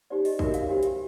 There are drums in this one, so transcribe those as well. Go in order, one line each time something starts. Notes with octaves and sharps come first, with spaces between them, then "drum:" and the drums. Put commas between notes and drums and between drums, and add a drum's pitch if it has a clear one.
D#4 G4 C5 D5
D#5, drum: open hi-hat
D#4 F#4 A#4 C#5 E5, drum: kick A#1
F5, drum: hi-hat
D4 G4 C5
drum: hi-hat